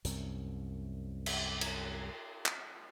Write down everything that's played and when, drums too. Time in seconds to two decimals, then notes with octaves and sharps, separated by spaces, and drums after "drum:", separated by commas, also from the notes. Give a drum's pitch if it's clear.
0.05 C2 F#2, drum: hi-hat
1.26 drum: cymbal
1.61 drum: cymbal
2.46 drum: clap